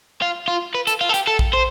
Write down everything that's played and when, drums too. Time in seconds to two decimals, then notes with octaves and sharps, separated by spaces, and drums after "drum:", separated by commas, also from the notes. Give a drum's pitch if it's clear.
0.22 F4
0.48 F4
0.74 B4
0.87 A4, drum: hi-hat
1.01 F4
1.09 A4
1.14 G4, drum: hi-hat
1.27 A4
1.39 drum: kick A#1
1.53 C5